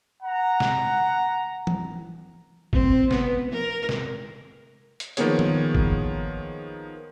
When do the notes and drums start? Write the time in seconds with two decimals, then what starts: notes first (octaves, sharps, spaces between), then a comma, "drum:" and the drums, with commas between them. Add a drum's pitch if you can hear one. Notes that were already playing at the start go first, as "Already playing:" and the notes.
0.22 F#5 A#5
0.60 drum: snare
1.67 drum: tom
2.73 C4, drum: kick
3.11 B3, drum: snare
3.51 A#4
3.89 drum: snare
5.00 drum: hi-hat
5.17 D#3 F3 A#3 B3 G#4 C#5, drum: hi-hat
5.39 drum: tom
5.75 drum: kick